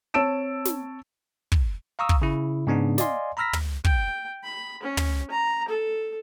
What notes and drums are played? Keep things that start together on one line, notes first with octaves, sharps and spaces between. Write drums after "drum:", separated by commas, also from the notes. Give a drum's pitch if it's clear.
C4 C#5 A5 E6 D7 E7
drum: snare
drum: kick
F5 A#5 C#6 D#6 E6
drum: kick
C#3 E4
G#2 C#3 B3 D4 D#4
D5 D#5 F5 G#5 C6, drum: snare
A#5 B5 E6 F6 A#6 B6
drum: tom
G5, drum: kick
B5
C#4
drum: tom
A#5
A4